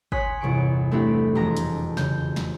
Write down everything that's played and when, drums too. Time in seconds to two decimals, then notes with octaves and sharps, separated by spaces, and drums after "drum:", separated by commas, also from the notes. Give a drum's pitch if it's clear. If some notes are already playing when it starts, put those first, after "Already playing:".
0.12 C#5 G#5 C6 D#6 F#6 B6, drum: kick
0.41 G1 E2 C3 C#6 D7
0.91 A3 B3 C4 D4 E4 G4
1.35 E1 F2 F3 G4 A#5 A#6
1.57 drum: hi-hat
1.97 C#3 G6, drum: snare
2.36 drum: snare